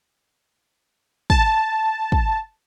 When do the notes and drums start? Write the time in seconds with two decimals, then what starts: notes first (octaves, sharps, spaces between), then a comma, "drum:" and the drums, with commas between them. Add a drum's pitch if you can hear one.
1.30 A5, drum: kick
2.12 drum: kick